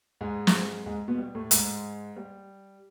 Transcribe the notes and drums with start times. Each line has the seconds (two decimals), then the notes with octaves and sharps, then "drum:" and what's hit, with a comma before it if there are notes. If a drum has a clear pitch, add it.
0.21 G#2 G#3
0.47 drum: snare
0.86 G#2 G#3
1.08 B2 B3
1.18 G3
1.35 A2 A3
1.51 G#2 G#3, drum: hi-hat
2.16 G3